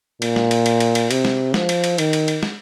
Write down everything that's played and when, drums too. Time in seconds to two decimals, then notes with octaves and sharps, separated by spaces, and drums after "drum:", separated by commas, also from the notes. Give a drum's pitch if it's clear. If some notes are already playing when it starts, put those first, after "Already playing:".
0.22 A#2, drum: cymbal
0.36 drum: snare
0.51 drum: cymbal
0.66 drum: cymbal
0.80 drum: cymbal
0.95 drum: cymbal
1.11 C3, drum: cymbal
1.25 drum: snare
1.54 F3, drum: snare
1.69 drum: cymbal
1.84 drum: cymbal
1.98 D#3, drum: cymbal
2.13 drum: cymbal
2.28 drum: cymbal
2.43 drum: snare